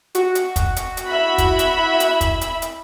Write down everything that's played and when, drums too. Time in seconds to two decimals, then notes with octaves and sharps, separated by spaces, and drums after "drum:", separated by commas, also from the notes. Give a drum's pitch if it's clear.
0.15 F#4, drum: hi-hat
0.35 drum: hi-hat
0.56 drum: kick, hi-hat
0.76 drum: hi-hat
0.97 drum: hi-hat
1.08 E4 E5 B5
1.38 drum: kick, hi-hat
1.59 drum: hi-hat
2.00 drum: hi-hat
2.21 drum: kick, hi-hat
2.41 drum: hi-hat
2.62 drum: hi-hat